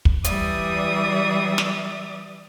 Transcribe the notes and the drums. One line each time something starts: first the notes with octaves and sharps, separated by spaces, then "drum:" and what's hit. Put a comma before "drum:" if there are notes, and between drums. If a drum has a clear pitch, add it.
drum: kick
E3 G3 D5 E5 D#6, drum: hi-hat
drum: snare